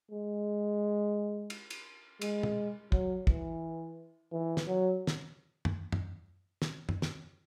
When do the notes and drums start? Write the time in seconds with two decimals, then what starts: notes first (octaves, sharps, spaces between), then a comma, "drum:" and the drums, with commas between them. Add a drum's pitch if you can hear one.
0.12 G#3
1.50 drum: cymbal
1.70 drum: cymbal
2.21 G#3, drum: cymbal
2.43 drum: tom
2.92 F#3, drum: kick
3.27 E3, drum: kick
4.32 E3
4.57 drum: snare
4.67 F#3
5.07 drum: snare
5.65 drum: tom
5.92 drum: tom
6.62 drum: snare
6.89 drum: tom
7.02 drum: snare